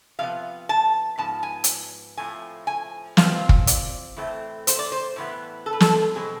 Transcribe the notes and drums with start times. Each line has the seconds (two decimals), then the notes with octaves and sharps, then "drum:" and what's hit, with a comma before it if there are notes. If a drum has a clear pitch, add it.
0.19 C3 F3 B3 F5
0.69 A5
1.18 G#2 F3 B3 A5
1.43 G#5
1.64 drum: hi-hat
2.17 A2 F3 A3 C4 G#5
2.67 G#5
3.17 C3 F3 C4 F5, drum: snare
3.49 drum: kick
3.67 D5, drum: hi-hat
4.17 A2 E3 A3 C4
4.67 C5, drum: hi-hat
4.79 D5
4.92 C5
5.16 A2 E3 B3
5.66 A4
5.73 B4
5.80 A4, drum: snare
6.15 B2 G#3 C4 G#4